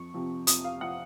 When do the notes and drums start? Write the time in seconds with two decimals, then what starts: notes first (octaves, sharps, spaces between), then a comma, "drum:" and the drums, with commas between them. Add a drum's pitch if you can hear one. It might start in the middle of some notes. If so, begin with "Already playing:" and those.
Already playing: F2 C#6
0.14 C3 F3 C4
0.47 F2 D#6, drum: hi-hat
0.64 F5
0.80 C3 F3 C4 F#5